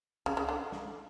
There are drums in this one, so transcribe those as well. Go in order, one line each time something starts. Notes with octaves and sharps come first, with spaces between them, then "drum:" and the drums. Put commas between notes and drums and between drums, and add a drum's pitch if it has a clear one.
C#3, drum: kick C2
C#3
D3
drum: snare